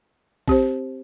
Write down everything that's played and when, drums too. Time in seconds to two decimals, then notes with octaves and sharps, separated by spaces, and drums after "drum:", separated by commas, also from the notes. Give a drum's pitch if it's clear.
0.48 C4 G4 C5, drum: kick A#1